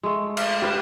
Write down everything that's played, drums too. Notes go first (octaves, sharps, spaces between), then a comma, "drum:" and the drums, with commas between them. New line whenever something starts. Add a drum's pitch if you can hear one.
G#3 A3
drum: cymbal
G4 B4 F5